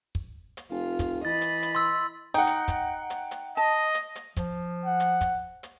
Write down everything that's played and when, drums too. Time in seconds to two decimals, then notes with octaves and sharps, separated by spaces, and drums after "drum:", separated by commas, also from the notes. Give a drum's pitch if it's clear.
0.15 drum: kick
0.57 drum: hi-hat
0.71 F1 F4
0.99 drum: kick, hi-hat
1.25 E3 D#5 B5 A6
1.41 drum: hi-hat
1.62 drum: hi-hat
1.75 C6 E6
2.34 D#4 F#5 G5
2.47 drum: hi-hat
2.68 drum: kick, hi-hat
3.10 drum: hi-hat
3.31 drum: hi-hat
3.57 D#5 A5
3.94 drum: hi-hat
4.15 drum: hi-hat
4.37 F3, drum: kick, hi-hat
4.85 F#5
5.00 drum: hi-hat
5.21 drum: kick, hi-hat
5.63 drum: hi-hat